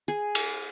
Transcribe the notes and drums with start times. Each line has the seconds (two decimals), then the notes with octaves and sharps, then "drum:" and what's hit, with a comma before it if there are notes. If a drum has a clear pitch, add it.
0.08 G#4
0.35 drum: cymbal